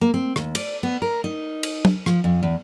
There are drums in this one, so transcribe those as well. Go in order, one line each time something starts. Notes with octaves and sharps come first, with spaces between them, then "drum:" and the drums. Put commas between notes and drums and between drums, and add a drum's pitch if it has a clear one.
A#3
C4
D#2, drum: rim click
D5, drum: cymbal
B3
A#4
D#4
drum: cymbal
drum: tom
F3, drum: rim click
F2
E2